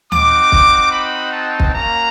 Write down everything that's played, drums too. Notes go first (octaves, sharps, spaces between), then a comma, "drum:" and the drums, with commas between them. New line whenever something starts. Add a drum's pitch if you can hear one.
C4 D#4 F#4 D6, drum: tom D2
drum: kick
B5
A5
drum: kick
A#3 C#4 F#4 A#5